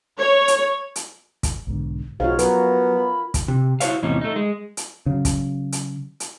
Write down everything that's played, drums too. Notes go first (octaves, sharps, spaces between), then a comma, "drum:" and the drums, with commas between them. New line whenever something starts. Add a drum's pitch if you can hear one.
C#5
drum: hi-hat
drum: hi-hat
drum: kick, hi-hat
B1 G#2 D3
B1 G#2 F4 F#4 C#5 F5
F#3 B3 F#4 A#4, drum: hi-hat
B5
drum: kick, hi-hat
C3
E4 F#4 C5 C#5 F5, drum: hi-hat
E2 A2 C3 C#4 D#4
A3 D#4
G#3
drum: hi-hat
C#3 F#3
drum: kick, hi-hat
drum: hi-hat
drum: hi-hat